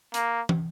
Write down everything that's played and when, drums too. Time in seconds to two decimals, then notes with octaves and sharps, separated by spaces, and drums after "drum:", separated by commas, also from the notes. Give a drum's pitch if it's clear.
0.14 A#3, drum: hi-hat
0.49 drum: tom